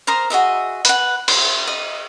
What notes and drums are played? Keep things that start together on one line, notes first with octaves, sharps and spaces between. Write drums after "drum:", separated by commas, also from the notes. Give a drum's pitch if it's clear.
A#4 C5 A#5 D#6
F#4 G#4 D#5 E5
B4 F#5, drum: hi-hat
C6, drum: cymbal
D#5